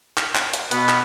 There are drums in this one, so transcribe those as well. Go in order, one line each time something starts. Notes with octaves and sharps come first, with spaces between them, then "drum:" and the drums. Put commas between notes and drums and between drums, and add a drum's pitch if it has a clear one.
drum: clap
drum: clap
drum: hi-hat
B2 B3 B4, drum: hi-hat
drum: clap